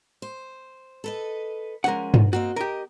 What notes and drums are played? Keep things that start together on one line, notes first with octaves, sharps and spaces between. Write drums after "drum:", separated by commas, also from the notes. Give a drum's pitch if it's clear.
C5
A4 B4 D#5
F3 G#3 C#4 A#4 F#5
drum: tom G2
A#3 C4 F#4 D#5
G4 A#4 D#5